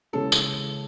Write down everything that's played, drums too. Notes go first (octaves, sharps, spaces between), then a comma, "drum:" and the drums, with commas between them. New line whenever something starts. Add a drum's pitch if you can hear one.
C#3 E3 G#3 C#4 A4
drum: tambourine